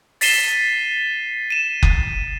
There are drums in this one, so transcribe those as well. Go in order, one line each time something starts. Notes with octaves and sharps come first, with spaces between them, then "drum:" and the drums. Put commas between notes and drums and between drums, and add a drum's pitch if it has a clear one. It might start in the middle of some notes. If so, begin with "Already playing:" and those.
A6 B6 C7 D#7 E7 G7, drum: open hi-hat
D#7 E7
drum: kick F#1